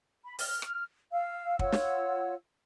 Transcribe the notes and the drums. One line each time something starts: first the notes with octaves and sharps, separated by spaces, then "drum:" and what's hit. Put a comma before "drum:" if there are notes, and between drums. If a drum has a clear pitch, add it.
B5
F6, drum: open hi-hat
drum: rim click
F5 E6
F4 C#5 F#5 E6, drum: kick
drum: snare